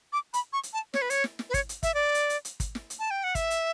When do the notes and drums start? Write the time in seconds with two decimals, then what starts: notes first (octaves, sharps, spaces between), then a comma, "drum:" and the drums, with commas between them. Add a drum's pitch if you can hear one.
0.13 D6
0.34 B5, drum: hi-hat
0.53 C#6
0.63 drum: hi-hat
0.73 A5
0.94 C#5, drum: snare
1.02 B4
1.10 C#5, drum: hi-hat
1.24 drum: snare
1.39 drum: snare
1.49 B4
1.54 C#5, drum: kick, hi-hat
1.69 drum: hi-hat
1.83 E5, drum: kick, hi-hat
1.94 D5
2.14 drum: hi-hat
2.30 drum: hi-hat
2.45 drum: hi-hat
2.60 drum: kick, hi-hat
2.75 drum: snare
2.90 drum: hi-hat
2.99 A5
3.11 G5
3.24 F#5
3.35 E5, drum: kick, hi-hat
3.50 drum: hi-hat